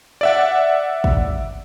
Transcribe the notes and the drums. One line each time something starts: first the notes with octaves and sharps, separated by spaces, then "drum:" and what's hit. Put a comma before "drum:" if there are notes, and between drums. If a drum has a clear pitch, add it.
D5 E5 F#5
drum: kick